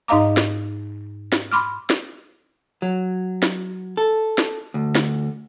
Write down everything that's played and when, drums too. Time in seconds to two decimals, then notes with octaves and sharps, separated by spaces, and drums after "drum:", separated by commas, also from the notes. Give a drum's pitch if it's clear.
0.08 G#2 D#4 D#5 F5 A#5 D6
0.37 drum: snare
1.32 drum: snare
1.52 B5 C6 D6 F6
1.90 drum: snare
2.82 F#3
3.43 drum: snare
3.97 A4
4.38 drum: snare
4.74 D2
4.95 drum: snare